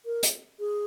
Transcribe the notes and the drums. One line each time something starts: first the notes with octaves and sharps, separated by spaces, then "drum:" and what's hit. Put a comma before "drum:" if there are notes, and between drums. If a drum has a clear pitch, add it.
A#4
drum: hi-hat
G#4